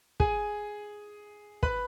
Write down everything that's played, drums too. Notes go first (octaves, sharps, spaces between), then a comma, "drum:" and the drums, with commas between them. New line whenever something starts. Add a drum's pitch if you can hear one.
G#4 G#5, drum: kick
B4 B5, drum: kick